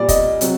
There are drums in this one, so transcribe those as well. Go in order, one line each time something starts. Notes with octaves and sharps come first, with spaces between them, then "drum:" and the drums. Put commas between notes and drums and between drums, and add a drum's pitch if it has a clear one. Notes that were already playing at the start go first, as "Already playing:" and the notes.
Already playing: A#2 G3 D5
D#5, drum: kick, hi-hat
C3 F#3, drum: hi-hat